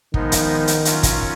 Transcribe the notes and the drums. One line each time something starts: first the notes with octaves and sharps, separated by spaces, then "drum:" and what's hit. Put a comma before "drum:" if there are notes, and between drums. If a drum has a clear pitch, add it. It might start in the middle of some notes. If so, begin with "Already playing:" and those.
D#3 F3 G#3 B3 D#4, drum: kick
drum: hi-hat
drum: hi-hat
F#3 C#4 F4, drum: hi-hat
drum: kick, hi-hat